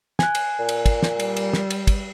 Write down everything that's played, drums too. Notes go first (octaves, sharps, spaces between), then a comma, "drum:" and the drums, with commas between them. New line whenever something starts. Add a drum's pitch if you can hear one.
G#5 F#6, drum: snare
drum: cymbal
A#2
drum: cymbal
drum: kick, cymbal
drum: snare
G3, drum: cymbal
drum: cymbal
drum: snare
drum: cymbal
drum: kick, cymbal